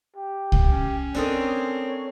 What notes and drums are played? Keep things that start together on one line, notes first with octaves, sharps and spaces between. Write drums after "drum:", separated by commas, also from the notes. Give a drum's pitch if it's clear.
G4
drum: kick C2
C#4
C4 D4 A4 A#4 C#5 D#5